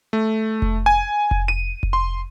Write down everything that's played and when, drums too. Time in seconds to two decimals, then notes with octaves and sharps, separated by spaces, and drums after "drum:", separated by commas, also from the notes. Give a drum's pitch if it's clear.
0.13 A3
0.62 drum: kick F1
0.86 G#5
1.31 drum: kick F1
1.48 D#7
1.83 drum: kick F1
1.93 C6